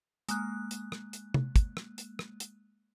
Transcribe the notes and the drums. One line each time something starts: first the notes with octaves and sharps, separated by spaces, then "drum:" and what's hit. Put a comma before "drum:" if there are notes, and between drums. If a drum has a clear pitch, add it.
G#3 A#3 F#6, drum: hi-hat
drum: hi-hat
drum: rim click
drum: hi-hat
drum: tom
drum: kick, hi-hat
drum: rim click
drum: hi-hat
drum: rim click
drum: hi-hat